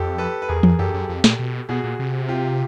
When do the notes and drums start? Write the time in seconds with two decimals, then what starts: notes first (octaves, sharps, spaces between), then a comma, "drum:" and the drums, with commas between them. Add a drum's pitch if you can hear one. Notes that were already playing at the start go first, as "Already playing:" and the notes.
Already playing: F2 G4 A4
0.18 A4 B4
0.42 B4
0.48 E2 G#4 A#4
0.63 F2, drum: tom E3
0.79 F#2 G4 A4
0.94 F#2
1.09 F2
1.24 A#2, drum: snare
1.39 B2
1.69 B2 F#4 G#4
1.84 A#2
1.99 C3
2.29 F4 G4